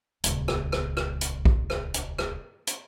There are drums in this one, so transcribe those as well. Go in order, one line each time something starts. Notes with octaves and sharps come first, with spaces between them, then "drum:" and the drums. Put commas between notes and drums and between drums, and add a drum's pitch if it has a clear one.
D#1 C#2, drum: hi-hat
drum: rim click
drum: rim click
drum: rim click
drum: hi-hat
drum: kick A#1
drum: rim click
drum: hi-hat
drum: rim click
drum: hi-hat